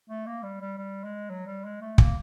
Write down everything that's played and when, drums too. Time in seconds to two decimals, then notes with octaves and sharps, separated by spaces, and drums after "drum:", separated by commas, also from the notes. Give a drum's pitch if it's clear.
0.09 A3
0.26 A#3
0.43 G3
0.61 G3
0.78 G3
1.04 G#3
1.30 F#3
1.46 G3
1.64 G#3
1.81 A3
1.98 A#3, drum: kick